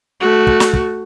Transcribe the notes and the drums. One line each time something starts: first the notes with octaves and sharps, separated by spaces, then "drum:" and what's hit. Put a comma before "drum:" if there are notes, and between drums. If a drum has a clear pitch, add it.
A3 F#4
drum: kick
drum: snare
drum: kick